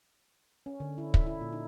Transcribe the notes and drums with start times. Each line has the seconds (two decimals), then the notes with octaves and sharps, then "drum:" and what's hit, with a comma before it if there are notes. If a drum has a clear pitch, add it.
0.66 C#4
0.80 D3
0.98 E4
1.14 E5, drum: kick
1.27 E4
1.41 A#2
1.53 D#4